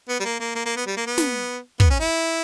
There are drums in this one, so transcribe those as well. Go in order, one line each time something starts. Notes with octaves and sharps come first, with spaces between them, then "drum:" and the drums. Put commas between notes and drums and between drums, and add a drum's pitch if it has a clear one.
B3
G3
A#3
A#3
A#3
A#3
B3
G3
A#3
B3
drum: snare
B3, drum: kick
C#4
E4